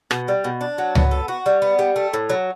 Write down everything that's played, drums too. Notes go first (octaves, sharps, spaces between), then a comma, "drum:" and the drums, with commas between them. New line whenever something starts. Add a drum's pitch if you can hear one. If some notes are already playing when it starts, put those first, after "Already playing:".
B2, drum: rim click
G3
B2
D4
F#3
B3, drum: tom C#2
A4
F#4
G3
B3
G3
A3
A2
F#3